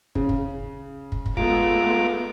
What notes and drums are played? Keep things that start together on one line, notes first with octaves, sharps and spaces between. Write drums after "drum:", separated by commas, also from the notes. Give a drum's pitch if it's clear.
C#3, drum: kick
drum: kick
drum: kick
drum: kick
G#3 A3 B3 F4 A#5 D6, drum: kick